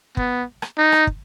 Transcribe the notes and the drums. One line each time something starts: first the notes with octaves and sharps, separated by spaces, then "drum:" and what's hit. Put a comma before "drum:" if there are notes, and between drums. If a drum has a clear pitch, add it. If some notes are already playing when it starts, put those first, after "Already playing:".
B3, drum: kick
drum: rim click
D#4
drum: rim click
drum: kick